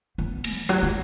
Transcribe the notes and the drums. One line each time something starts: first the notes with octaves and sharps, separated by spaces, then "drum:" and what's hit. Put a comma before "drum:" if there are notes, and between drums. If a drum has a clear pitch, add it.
B3
drum: cymbal
E3
F#3, drum: rim click
G#3